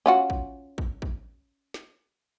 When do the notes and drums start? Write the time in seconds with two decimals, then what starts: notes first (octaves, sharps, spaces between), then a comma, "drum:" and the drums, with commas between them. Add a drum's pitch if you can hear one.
0.06 C#4 F4 F#4
0.30 drum: kick
0.78 drum: kick
1.02 drum: kick
1.74 drum: snare